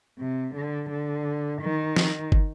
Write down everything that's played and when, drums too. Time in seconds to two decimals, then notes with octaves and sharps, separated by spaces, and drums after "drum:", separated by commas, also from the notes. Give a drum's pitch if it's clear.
0.19 C3
0.55 D3
0.89 D3
1.61 D#3
1.96 drum: snare
2.32 drum: kick